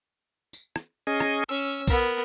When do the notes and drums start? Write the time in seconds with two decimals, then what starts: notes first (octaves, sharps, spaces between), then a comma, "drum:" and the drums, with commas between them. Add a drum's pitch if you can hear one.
0.53 drum: tambourine
0.76 drum: rim click
1.07 C#4 G#4 D#5
1.20 drum: rim click
1.49 C#4 E6
1.88 B3 A#4, drum: kick, tambourine